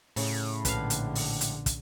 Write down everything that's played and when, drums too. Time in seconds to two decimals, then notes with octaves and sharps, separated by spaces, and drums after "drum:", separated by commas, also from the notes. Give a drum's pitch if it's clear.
0.16 A2 C#3, drum: open hi-hat
0.65 A#1 D3 B4 F5, drum: kick, hi-hat
0.90 drum: hi-hat
1.15 drum: open hi-hat
1.41 drum: hi-hat
1.66 drum: kick, hi-hat